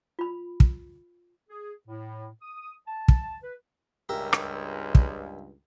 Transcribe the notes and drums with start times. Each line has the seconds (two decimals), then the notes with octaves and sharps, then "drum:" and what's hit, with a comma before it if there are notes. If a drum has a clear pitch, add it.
0.19 F4 B5
0.60 drum: kick
1.49 G#4
1.88 A2
2.42 D#6
2.88 A5
3.08 drum: kick
3.43 B4
4.09 C#2 G2 G4 A#4 E5
4.33 drum: rim click
4.95 drum: kick